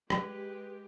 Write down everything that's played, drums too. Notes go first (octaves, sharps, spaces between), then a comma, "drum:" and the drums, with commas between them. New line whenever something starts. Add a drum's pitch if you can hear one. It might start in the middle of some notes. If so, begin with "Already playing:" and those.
G#3 G4 B4, drum: rim click